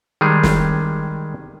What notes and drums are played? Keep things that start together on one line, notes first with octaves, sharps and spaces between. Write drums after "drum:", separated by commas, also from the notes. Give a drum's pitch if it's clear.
D#3 G3 G#3 G#4
drum: snare